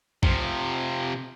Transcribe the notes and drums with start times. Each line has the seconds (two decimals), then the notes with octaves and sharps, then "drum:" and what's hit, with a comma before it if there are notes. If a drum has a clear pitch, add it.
0.23 C3 F3, drum: kick A#1